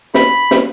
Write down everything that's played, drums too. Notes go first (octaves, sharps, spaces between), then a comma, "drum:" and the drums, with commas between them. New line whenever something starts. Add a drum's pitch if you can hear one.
B5, drum: snare
drum: snare